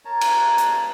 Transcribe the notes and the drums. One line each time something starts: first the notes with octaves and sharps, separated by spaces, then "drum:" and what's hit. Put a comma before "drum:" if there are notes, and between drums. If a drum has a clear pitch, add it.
A#4 C#5 A5 A#5
drum: cymbal
drum: hi-hat